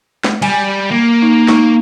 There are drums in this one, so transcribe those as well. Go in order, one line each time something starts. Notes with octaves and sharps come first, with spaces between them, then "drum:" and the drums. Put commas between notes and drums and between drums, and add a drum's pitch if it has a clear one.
drum: snare
G3 G#5, drum: cymbal
A#3
D#4
D#4, drum: snare